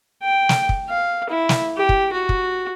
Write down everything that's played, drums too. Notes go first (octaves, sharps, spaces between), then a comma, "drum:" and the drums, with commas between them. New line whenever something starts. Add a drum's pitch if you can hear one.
G5
drum: snare
drum: kick
F5
E4
drum: snare
G4
drum: kick
F#4
drum: kick